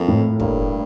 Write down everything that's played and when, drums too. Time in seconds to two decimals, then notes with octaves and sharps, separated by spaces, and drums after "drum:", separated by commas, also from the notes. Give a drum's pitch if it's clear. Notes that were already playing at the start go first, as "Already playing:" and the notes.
Already playing: F2 A#3
0.08 A2
0.40 G2 A#3, drum: kick